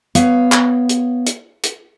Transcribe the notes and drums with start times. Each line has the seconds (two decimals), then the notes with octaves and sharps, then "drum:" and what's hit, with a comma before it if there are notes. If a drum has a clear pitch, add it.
0.15 B3 C#5 F5, drum: hi-hat
0.52 drum: clap
0.89 drum: hi-hat
1.26 drum: hi-hat
1.63 drum: hi-hat